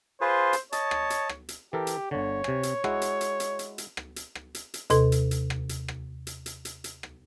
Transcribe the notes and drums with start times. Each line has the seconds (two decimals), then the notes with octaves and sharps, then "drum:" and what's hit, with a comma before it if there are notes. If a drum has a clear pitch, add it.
0.21 F4 G#4 B4 C5
0.53 drum: hi-hat
0.72 C#5 D#5 A5, drum: hi-hat
0.91 drum: rim click
1.10 drum: hi-hat
1.29 drum: rim click
1.49 drum: hi-hat
1.73 E3 G4 A4 A#4
1.87 drum: hi-hat
2.11 G1 D3 C#5
2.44 C3 G#5, drum: rim click
2.63 drum: hi-hat
2.84 G#3 E4 F#4, drum: rim click
3.02 drum: hi-hat
3.21 drum: hi-hat
3.40 drum: hi-hat
3.59 drum: hi-hat
3.78 drum: hi-hat
3.97 drum: rim click
4.16 drum: hi-hat
4.35 drum: rim click
4.55 drum: hi-hat
4.74 drum: hi-hat
4.90 D#2 C3 A4, drum: hi-hat
5.12 drum: hi-hat
5.31 drum: hi-hat
5.50 drum: rim click
5.69 drum: hi-hat
5.88 drum: rim click
6.27 drum: hi-hat
6.46 drum: hi-hat
6.65 drum: hi-hat
6.84 drum: hi-hat
7.03 drum: rim click